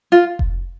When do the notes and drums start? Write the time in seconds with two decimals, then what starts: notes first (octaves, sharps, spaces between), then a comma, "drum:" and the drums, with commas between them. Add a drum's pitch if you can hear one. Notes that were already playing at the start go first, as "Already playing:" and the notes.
0.12 F4
0.39 drum: kick F1